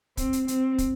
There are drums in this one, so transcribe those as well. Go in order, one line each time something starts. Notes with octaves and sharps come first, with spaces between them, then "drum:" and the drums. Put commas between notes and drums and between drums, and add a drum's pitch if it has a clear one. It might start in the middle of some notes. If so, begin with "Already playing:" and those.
C4, drum: kick, hi-hat
drum: hi-hat
C4, drum: hi-hat
drum: kick, hi-hat